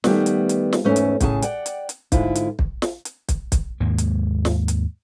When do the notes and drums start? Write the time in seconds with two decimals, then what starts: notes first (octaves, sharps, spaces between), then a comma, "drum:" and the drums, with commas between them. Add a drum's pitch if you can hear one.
0.04 D#3 G3 A3 B3, drum: snare
0.26 drum: hi-hat
0.49 drum: hi-hat
0.73 drum: snare
0.84 E2 G#2 A3 C#4
0.96 drum: hi-hat
1.20 A2 C#3 C#4 G#4 F5 A5, drum: kick, hi-hat
1.42 D5 F#5 G5, drum: hi-hat
1.66 drum: hi-hat
1.89 drum: hi-hat
2.12 G#2 D3 E4 F4, drum: kick, hi-hat
2.35 drum: hi-hat
2.59 drum: kick
2.82 drum: snare
3.05 drum: hi-hat
3.29 drum: kick, hi-hat
3.52 drum: kick, hi-hat
3.81 D#2 G#2 G#3 A#3
3.98 drum: hi-hat
4.45 drum: snare
4.68 drum: hi-hat